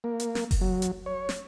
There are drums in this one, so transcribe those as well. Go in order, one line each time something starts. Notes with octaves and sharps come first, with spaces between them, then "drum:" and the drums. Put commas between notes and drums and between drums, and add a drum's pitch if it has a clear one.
A#3
drum: hi-hat
drum: snare
drum: kick F#1, open hi-hat
F#3
drum: hi-hat
C#5
drum: snare